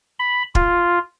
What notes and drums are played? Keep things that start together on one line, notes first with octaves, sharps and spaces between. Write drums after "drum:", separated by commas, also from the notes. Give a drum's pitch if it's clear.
B5
F4, drum: kick